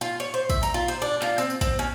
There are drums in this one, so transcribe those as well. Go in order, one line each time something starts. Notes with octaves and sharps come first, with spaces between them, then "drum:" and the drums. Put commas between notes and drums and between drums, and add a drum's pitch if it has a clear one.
F4
C#5
C5
E5, drum: kick, tambourine
A#5, drum: tambourine
F4
C5
D4
F4, drum: clap
C4, drum: tambourine
drum: tambourine
C4, drum: kick, tambourine
C#4